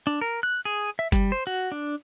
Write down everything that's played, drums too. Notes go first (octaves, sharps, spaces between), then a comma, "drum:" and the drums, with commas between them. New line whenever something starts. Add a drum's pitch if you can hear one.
D4
A#4
F#6
G#4
E5
G3, drum: kick F#1, hi-hat
C5
F#4
D4